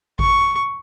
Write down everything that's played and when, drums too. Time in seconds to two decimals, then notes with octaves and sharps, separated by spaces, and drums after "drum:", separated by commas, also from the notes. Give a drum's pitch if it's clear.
0.19 C#6, drum: kick G#1